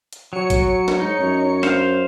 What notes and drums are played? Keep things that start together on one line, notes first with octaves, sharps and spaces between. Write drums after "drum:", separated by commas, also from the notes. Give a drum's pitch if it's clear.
drum: hi-hat
F#3 C#5 C#7
drum: kick A1, hi-hat
drum: snare
G#2 D#4
F#2
C5 F5, drum: snare